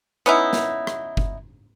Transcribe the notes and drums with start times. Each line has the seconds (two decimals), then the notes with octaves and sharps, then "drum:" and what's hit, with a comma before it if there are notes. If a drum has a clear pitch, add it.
0.26 B3 C#4 D#4 E4
0.53 drum: snare
0.87 drum: rim click
1.17 drum: kick F#1